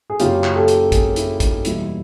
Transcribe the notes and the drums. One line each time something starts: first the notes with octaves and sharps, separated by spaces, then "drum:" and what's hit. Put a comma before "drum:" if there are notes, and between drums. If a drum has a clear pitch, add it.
G#4
F#2 C#3 F#3 A#3 F4 G4, drum: hi-hat
drum: clap
G4 A4
drum: hi-hat
G#4 A#4, drum: kick, hi-hat
E4, drum: hi-hat
D#4, drum: kick, hi-hat
E2 B2 G3 A#3 E4, drum: hi-hat